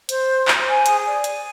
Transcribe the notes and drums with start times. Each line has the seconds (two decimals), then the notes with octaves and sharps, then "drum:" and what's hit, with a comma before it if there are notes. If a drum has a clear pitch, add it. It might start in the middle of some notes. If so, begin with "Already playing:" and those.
0.09 C5, drum: hi-hat
0.29 C6
0.48 C5, drum: clap
0.67 G#5
0.86 G#4, drum: hi-hat
1.05 D5
1.24 G#5, drum: hi-hat